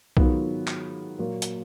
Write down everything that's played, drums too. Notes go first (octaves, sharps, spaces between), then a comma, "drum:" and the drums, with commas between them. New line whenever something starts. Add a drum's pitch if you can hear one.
G#2 D#3 F#3 B3 F4, drum: kick B1
drum: clap
A#2 F#3 A#3
drum: hi-hat